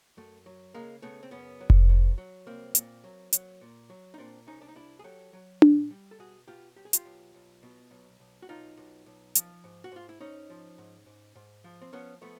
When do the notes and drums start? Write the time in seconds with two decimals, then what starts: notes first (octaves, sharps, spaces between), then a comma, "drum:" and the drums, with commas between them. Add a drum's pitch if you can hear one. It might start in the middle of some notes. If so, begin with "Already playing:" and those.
0.17 F#2 A3
0.46 F#3
0.74 C#3 G#3 A#3
1.02 C#3 A3 B3
1.23 C4
1.31 F#2 B3 C#4
1.60 F#3
1.70 drum: kick F1
1.89 F#3
2.18 F#3
2.46 C2 A#3 C4
2.75 A#2, drum: hi-hat
3.04 F#3
3.33 F#3, drum: hi-hat
3.61 A#2
3.90 F#3
4.14 D#4
4.18 A#2 C4 D4
4.47 C2 C#4 D#4
4.61 D4
4.69 D#4
4.76 C2 D4 E4
4.99 G#4
5.04 F#3 G4 A4
5.33 F#3
5.62 A#2, drum: tom D4
5.91 G3
6.11 A4
6.19 B2 F#4 G#4
6.48 B2 F4 G4
6.76 B1 G4
6.85 G#4
6.93 F4 G4, drum: hi-hat
7.05 B1
7.34 B1
7.63 B2
7.91 B1
8.20 B1
8.42 F#4
8.49 B1 D#4 F4
8.77 B1
9.06 B1
9.35 F3, drum: hi-hat
9.64 G#2
9.84 F#4
9.92 G#2 F4
10.09 E4
10.21 G#2 C#4 D#4
10.50 F3
10.78 G#2
11.06 G#2
11.36 G#2
11.64 F3
11.82 C4
11.93 F3 B3 C#4
12.21 F3 A3 B3